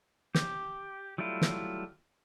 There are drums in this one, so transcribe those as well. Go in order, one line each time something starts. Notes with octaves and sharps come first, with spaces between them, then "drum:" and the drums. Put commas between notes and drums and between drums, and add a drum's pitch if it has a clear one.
G4, drum: snare
F#3 G3 A3 E4 F4
drum: snare